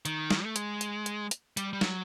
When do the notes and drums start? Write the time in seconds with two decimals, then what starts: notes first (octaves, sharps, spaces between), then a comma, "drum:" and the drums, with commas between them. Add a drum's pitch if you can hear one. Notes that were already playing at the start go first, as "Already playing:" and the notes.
0.05 D#3, drum: hi-hat
0.31 drum: snare
0.44 A3
0.56 G#3, drum: hi-hat
0.81 drum: hi-hat
1.06 drum: hi-hat
1.31 drum: hi-hat
1.57 G3, drum: hi-hat
1.73 G3
1.81 F#3, drum: snare